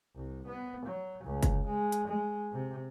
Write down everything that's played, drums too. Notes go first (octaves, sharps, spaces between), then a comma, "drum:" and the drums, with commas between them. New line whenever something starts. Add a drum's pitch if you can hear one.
C2
B3
F#3
C#2
drum: kick, hi-hat
G#3
drum: hi-hat
G#3
C3